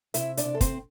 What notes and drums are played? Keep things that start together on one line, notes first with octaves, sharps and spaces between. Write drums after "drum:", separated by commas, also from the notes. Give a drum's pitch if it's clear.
C3 E4 E5, drum: hi-hat
D4 D5, drum: hi-hat
C3
A4
C4 C5, drum: kick, hi-hat